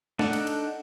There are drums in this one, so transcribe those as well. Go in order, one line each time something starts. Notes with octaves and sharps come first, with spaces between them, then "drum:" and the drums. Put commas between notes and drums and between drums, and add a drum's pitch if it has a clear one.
D4 D#4 A4 F#5 A5, drum: snare
drum: cymbal
drum: cymbal